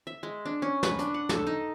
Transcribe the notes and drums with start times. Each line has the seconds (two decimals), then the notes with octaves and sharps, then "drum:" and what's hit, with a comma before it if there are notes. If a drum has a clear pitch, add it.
0.07 E5
0.23 G#3
0.46 D4
0.62 C#4
0.83 B4, drum: snare
0.99 D4, drum: hi-hat
1.14 F#5
1.29 A4, drum: snare
1.47 D#4